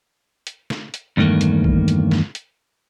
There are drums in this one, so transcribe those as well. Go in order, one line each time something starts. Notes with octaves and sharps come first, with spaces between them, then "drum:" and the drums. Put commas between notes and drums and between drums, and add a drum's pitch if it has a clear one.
drum: hi-hat
drum: snare
drum: hi-hat
E2 G2 D#3 A3 A#3
drum: hi-hat
drum: kick B1
drum: hi-hat
drum: snare
drum: hi-hat